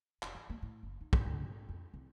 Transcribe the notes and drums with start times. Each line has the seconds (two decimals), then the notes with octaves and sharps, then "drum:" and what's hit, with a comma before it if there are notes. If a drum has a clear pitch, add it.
0.23 F1, drum: clap
0.35 E3
0.50 A#3
0.62 A2
0.83 F#1
1.01 D#4
1.13 G#2, drum: kick
1.26 D2
1.40 F2
1.69 F2
1.94 C2